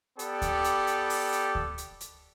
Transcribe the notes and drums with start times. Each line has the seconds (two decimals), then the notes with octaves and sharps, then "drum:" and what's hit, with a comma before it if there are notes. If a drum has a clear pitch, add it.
0.19 B3 G4 A4 D5, drum: hi-hat
0.42 drum: kick D2, hi-hat
0.64 drum: hi-hat
0.87 drum: hi-hat
1.10 drum: open hi-hat
1.32 drum: hi-hat
1.55 drum: kick D2
1.78 drum: hi-hat
2.00 drum: hi-hat